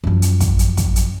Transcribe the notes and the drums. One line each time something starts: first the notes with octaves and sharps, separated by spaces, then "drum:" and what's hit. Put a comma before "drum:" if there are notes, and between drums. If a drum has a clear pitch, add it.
F#2 F3
drum: hi-hat
drum: kick, hi-hat
drum: hi-hat
drum: kick, hi-hat
drum: hi-hat